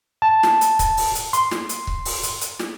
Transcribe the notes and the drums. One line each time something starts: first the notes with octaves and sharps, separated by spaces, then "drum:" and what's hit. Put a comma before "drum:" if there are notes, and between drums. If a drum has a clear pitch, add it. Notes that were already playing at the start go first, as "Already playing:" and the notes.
A5
drum: snare
drum: hi-hat
drum: kick C#1, hi-hat
drum: open hi-hat
drum: hi-hat
C6, drum: hi-hat
drum: snare
drum: hi-hat
drum: kick C#1
drum: open hi-hat
drum: hi-hat
drum: hi-hat
drum: snare